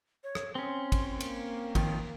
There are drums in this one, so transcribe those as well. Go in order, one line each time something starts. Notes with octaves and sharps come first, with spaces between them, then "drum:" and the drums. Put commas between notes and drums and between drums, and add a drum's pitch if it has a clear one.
C#5
drum: rim click
C4 C#4 C6
drum: kick, cymbal
A#3, drum: cymbal
D#3 F3 G5, drum: kick, cymbal